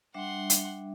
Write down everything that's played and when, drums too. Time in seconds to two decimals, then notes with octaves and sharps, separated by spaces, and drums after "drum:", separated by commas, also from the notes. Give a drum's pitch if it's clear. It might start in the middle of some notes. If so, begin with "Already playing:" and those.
0.14 G3 D4 E5 F#5 C6
0.50 drum: hi-hat